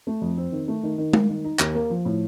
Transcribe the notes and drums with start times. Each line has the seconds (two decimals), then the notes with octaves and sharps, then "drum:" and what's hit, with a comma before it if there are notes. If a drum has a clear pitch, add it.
0.07 A3
0.21 F2
0.37 C4
0.52 D#3
0.68 A3
0.83 D#3
0.98 D#3
1.13 A#3, drum: tom G#3
1.29 D#3
1.44 D#4
1.59 D#2, drum: clap
1.75 A#3
1.90 F3
2.05 A2